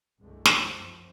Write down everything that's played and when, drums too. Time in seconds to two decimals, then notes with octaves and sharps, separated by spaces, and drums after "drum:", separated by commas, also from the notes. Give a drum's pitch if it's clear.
0.20 C2 G2 D3 G#3 A3
0.45 drum: snare
0.56 F#2 F3 C4